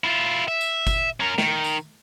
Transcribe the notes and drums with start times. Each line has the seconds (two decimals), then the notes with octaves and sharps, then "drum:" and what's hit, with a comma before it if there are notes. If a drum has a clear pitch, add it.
0.04 E4 F4
0.48 E5
0.61 drum: tambourine
0.87 drum: kick G1, tambourine
1.20 C#4 A#4
1.38 D#3, drum: snare
1.64 drum: tambourine